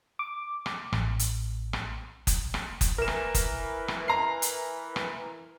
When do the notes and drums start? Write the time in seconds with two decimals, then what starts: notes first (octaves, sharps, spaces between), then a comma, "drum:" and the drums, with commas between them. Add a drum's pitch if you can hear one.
0.19 D6
0.66 drum: rim click
0.93 A1, drum: rim click
1.19 drum: hi-hat
1.73 drum: rim click
2.27 drum: kick F#1, hi-hat
2.54 drum: rim click
2.81 drum: kick F#1, hi-hat
2.98 E3 A#4 E7
3.08 drum: rim click
3.35 drum: kick F#1, hi-hat
3.88 drum: rim click
4.08 A#5 C7
4.42 drum: hi-hat
4.96 drum: rim click